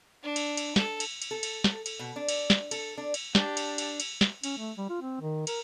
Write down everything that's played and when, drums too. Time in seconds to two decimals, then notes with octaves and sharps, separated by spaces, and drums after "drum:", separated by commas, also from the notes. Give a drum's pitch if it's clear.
0.23 D4
0.36 drum: cymbal
0.57 drum: cymbal
0.76 A4, drum: snare
1.00 drum: cymbal
1.22 drum: cymbal
1.31 A4
1.43 drum: cymbal
1.64 drum: snare
1.86 drum: cymbal
1.99 B2
2.16 D4
2.29 drum: cymbal
2.50 drum: snare
2.71 A4, drum: cymbal
2.98 D4
3.14 drum: cymbal
3.35 D4 G4 A5, drum: snare
3.57 drum: cymbal
3.78 drum: cymbal
4.00 drum: cymbal
4.21 drum: snare
4.44 C#4, drum: cymbal
4.58 A3
4.78 G3
4.90 F4
5.01 C4
5.21 D#3
5.47 A#4, drum: cymbal